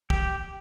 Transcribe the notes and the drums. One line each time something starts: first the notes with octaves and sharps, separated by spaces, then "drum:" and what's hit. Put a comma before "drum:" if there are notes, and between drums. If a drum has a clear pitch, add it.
G4, drum: kick